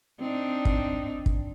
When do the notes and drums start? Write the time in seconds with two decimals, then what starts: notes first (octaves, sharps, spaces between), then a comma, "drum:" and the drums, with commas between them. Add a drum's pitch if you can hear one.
0.20 C4 D4 D#4
0.65 drum: kick
1.26 drum: kick